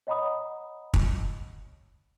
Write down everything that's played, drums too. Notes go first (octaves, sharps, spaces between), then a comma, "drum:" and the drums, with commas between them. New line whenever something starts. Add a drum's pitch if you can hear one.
C#5 D#5 F#5 A#5 B5 D#6
drum: kick